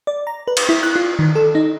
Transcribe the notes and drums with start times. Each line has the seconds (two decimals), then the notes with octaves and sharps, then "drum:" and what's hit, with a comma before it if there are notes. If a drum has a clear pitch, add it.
0.07 D5
0.27 A#5
0.48 B4
0.57 drum: cymbal
0.69 E4
0.83 F#6
0.96 F4
1.19 D#3
1.35 A4
1.55 D#4